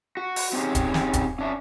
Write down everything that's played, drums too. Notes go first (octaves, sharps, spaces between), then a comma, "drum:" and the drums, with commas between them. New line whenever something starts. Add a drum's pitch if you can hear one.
F#4
drum: open hi-hat
C4 C#4 D#4 G4 G#4
drum: kick, hi-hat
drum: snare
drum: kick, hi-hat
C#4 D4 E5